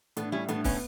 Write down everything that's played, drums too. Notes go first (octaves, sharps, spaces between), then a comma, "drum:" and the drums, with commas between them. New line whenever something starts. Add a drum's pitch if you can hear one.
A2 B3 D4, drum: hi-hat
G3 C#4 E4
A2 B3 D4, drum: hi-hat
A3 B3 C#4, drum: kick, open hi-hat